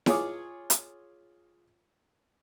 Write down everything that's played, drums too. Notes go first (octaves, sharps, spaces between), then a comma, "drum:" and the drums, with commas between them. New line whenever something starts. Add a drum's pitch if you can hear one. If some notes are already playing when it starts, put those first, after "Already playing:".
F4 G#4 C#5 D6, drum: snare E4
drum: hi-hat